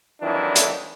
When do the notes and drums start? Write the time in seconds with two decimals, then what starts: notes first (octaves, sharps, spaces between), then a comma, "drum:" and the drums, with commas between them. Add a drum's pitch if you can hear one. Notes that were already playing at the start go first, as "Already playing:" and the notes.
0.21 F2 D#3 E3 F#3 D4 E4
0.55 drum: hi-hat